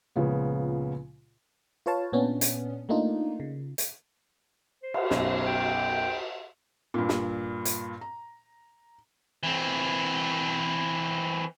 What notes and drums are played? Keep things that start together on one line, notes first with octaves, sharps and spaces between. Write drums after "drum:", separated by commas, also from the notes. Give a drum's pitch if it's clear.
C#2 A#2 C#3 F3 B3
F4 B4 C#5 F5 A5
A#2 B3 C#4 D4
drum: hi-hat
A3 A#3 D4 D#4 F4
C#3
drum: hi-hat
C5
drum: cymbal
B1 F#2, drum: snare
G5
G2 A#2
drum: snare
drum: hi-hat
A#5
E3 C4